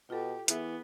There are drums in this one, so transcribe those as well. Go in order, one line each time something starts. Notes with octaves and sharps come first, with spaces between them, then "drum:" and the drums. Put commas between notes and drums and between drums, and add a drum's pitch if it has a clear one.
B2 F4 G4 A4
E3 B3 E4 G#4 E5, drum: hi-hat